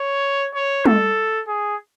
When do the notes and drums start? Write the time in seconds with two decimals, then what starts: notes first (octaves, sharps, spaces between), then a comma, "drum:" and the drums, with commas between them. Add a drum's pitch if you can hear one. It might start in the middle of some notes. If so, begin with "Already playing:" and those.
Already playing: C#5
0.55 C#5
0.86 A4, drum: tom
1.48 G#4